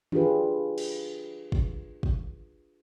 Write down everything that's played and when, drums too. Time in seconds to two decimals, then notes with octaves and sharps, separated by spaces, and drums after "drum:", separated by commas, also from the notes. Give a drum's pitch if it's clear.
0.12 D4 F4 G4 G#4 B4, drum: tom
0.78 drum: cymbal
1.52 drum: kick
2.03 drum: kick